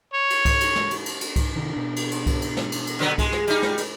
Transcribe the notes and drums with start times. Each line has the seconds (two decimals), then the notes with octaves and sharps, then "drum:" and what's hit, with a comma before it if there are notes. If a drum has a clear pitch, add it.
0.14 C#5
0.30 drum: cymbal
0.45 drum: kick C2, cymbal
0.60 drum: cymbal
0.76 drum: snare
0.91 drum: cymbal
1.06 drum: cymbal
1.21 drum: cymbal
1.36 drum: kick C2, cymbal
1.56 C3 D#3
1.73 B2 D4
1.96 drum: cymbal
2.11 drum: cymbal
2.27 drum: kick C2, cymbal
2.42 drum: cymbal
2.57 drum: snare
2.72 drum: cymbal
2.87 drum: cymbal
2.99 D3 F#3 B3
3.18 G#3, drum: kick C2, cymbal
3.32 drum: snare
3.47 G3 D#4, drum: cymbal
3.62 drum: snare
3.78 drum: cymbal